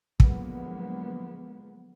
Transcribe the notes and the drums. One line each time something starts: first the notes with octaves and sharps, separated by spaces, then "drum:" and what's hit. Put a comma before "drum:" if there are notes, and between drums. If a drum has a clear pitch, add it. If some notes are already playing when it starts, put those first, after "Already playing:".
D3 F3 F#3 G#3 A#3 B3, drum: kick